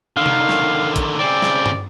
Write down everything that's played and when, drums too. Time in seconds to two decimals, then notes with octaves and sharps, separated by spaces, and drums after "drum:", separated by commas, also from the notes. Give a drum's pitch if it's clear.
0.17 D3 D#3 F5
0.26 drum: tom C3
0.49 drum: snare
0.96 drum: kick, hi-hat
1.19 C#3 C4 D5
1.42 drum: snare
1.66 drum: tom G2